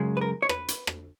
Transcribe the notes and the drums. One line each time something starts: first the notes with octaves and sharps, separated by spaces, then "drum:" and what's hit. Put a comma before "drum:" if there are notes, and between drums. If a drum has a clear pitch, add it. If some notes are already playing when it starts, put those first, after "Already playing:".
Already playing: F#2 C#3 G#3
B4
A#4
C#5
B4, drum: rim click
drum: hi-hat
drum: rim click